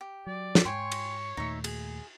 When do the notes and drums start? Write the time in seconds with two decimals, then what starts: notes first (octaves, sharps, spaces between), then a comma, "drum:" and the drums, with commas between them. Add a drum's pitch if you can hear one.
0.01 G4
0.27 F#3 D5
0.55 drum: snare
0.65 G#2 C#5 G5 G#5 C6
0.92 drum: cymbal
1.37 D#2 A#2 A3 D#4 E5
1.64 G#4, drum: cymbal